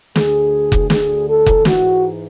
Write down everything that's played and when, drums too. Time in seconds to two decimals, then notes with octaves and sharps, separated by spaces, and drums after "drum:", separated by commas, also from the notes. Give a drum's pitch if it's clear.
0.16 D2 D3 G#4, drum: snare
0.72 drum: kick F1
0.90 D2 D3 G#4, drum: snare
1.28 A4
1.46 drum: kick F1
1.65 G#2 E3 F#4, drum: snare